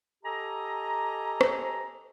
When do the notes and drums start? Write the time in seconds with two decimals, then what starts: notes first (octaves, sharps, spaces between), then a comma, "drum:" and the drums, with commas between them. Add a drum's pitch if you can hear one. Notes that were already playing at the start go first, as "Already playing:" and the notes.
0.24 G4 A4 D#5 G#5 A#5
1.41 drum: rim click